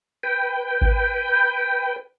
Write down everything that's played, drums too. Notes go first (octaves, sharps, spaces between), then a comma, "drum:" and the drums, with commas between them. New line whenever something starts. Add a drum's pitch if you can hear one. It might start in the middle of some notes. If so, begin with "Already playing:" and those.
B4 G5
drum: kick G#1